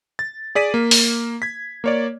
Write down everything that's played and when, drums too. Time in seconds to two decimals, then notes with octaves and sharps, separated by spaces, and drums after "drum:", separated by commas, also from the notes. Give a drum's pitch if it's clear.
0.19 A6
0.55 G#4 D5 B6 D#7
0.74 A#3
0.91 drum: open hi-hat
1.42 G#6 B6
1.84 A#3 C#5 D5